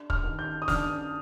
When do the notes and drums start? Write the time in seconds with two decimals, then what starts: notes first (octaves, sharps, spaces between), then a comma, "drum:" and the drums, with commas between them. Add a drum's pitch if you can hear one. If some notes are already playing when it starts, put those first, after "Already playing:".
Already playing: D4
0.10 F6, drum: kick
0.23 D#3
0.39 G6
0.62 D#6
0.68 D4 F6, drum: snare